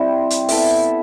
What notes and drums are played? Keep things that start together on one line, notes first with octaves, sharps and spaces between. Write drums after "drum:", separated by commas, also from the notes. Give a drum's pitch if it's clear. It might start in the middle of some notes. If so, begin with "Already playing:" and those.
Already playing: G3 C4 E4 G4
drum: hi-hat
B3 E4 A4 E5, drum: open hi-hat